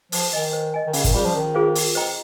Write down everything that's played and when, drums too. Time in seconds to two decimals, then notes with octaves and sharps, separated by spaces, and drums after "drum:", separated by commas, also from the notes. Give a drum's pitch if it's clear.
0.12 F3 C5, drum: open hi-hat
0.33 D#3 D#5 G#5
0.53 C5
0.74 D#5 G#5
0.87 D#3
0.93 C#3 C#4, drum: open hi-hat
1.04 D#3, drum: kick G1, hi-hat
1.14 G3 F4 G#4 C5 F5
1.24 F3
1.34 D#3 C#4
1.55 F4 G#4 C5 F5
1.75 G#4, drum: open hi-hat
1.95 C5 D#5 G5 A#5